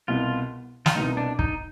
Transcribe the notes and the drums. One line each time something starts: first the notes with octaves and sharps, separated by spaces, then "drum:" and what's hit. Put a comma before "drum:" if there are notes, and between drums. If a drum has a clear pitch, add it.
C2 B2 B3 F4
F4, drum: snare
C2 B2 B3 D#4
D4
D#4, drum: kick